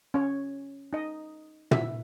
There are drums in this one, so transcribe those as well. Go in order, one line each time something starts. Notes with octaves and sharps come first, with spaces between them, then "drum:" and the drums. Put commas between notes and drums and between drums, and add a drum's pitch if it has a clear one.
C#4 C#5
D#4 D#5
E4 E5, drum: tom